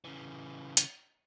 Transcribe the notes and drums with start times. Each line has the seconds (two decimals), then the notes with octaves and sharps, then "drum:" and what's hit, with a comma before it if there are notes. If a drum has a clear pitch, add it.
0.05 C#3 E3
0.77 drum: hi-hat